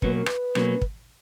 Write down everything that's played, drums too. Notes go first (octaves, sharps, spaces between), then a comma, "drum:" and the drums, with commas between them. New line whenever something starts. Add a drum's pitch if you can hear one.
B2 F#3 A#3 C#4 B4, drum: kick
A#4
B4, drum: rim click
B2 F#3 A#3 C#4, drum: rim click
drum: kick